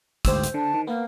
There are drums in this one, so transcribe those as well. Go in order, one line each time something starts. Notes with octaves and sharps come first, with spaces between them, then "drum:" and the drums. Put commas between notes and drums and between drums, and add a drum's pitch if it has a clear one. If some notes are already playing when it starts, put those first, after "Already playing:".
D2 G#2 G4 C5 E6, drum: kick, hi-hat
drum: hi-hat
D3 A5
D#3
A#3 B3